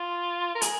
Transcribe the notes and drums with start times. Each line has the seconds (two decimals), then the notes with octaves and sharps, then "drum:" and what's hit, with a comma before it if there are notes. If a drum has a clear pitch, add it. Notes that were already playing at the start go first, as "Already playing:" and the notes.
Already playing: F4
0.55 A#4
0.62 G#4, drum: hi-hat